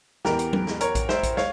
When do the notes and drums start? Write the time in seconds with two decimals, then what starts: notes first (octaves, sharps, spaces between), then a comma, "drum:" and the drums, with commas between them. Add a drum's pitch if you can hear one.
0.25 E2 E3 G4 A#4, drum: snare
0.39 drum: hi-hat
0.53 drum: tom F#3
0.67 drum: snare
0.81 A#4 C#5, drum: hi-hat
0.95 drum: kick A#1, hi-hat
1.09 C5 E5, drum: snare
1.23 drum: kick A#1, hi-hat
1.37 C#5 F5, drum: snare